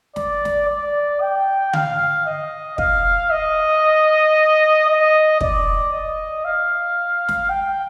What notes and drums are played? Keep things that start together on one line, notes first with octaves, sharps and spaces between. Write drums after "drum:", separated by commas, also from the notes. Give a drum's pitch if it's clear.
D5, drum: snare
drum: snare
D5
G5
F5, drum: tom D3
D#5
F5, drum: kick
D#5
D#5
D5, drum: kick
D#5
F5
drum: snare
G5